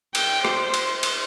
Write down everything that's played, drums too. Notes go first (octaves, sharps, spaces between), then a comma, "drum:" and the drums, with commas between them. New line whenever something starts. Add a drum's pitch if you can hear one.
G5, drum: cymbal
C5, drum: rim click
drum: cymbal
drum: cymbal